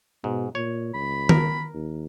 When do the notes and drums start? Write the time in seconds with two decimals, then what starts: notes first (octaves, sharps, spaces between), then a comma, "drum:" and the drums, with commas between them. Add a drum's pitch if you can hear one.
0.24 G#2 B2
0.55 A#2 C#5
0.94 C#2 B5
1.29 A#4, drum: tom D#3
1.74 D#2